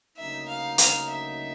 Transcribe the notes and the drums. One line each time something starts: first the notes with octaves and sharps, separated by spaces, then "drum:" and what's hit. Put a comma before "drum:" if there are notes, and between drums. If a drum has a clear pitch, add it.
D2 C#3 F#3 A#3 D#4 E5
F5
F5, drum: hi-hat
E5